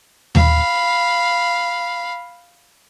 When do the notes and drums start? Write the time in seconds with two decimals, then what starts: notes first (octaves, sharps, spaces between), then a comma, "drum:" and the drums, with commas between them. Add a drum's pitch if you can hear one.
0.35 F5 B5, drum: tom D#2